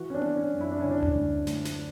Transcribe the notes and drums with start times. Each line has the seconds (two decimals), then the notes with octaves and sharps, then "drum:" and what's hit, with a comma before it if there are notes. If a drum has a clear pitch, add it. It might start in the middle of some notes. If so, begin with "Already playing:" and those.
Already playing: E3 F#4
0.10 C#4
0.15 D4
0.22 E3, drum: tom B3
0.37 C#4
0.53 F#2
0.61 E4
0.71 D4
0.80 D3 C#4
0.91 D4
1.03 drum: tom D2
1.15 D2
1.47 D2, drum: snare
1.65 drum: snare